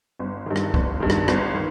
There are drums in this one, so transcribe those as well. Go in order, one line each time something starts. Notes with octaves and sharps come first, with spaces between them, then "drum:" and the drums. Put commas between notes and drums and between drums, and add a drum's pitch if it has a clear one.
G1
G2 D#3
drum: rim click
G1, drum: kick
G2 D#3
drum: rim click
G1, drum: rim click
D#3